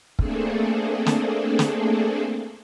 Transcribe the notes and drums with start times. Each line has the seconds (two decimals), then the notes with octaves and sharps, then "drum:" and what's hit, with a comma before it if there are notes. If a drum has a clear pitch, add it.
0.19 A3 A#3 C4 D4 G#4 A4, drum: kick
1.06 drum: snare
1.59 drum: snare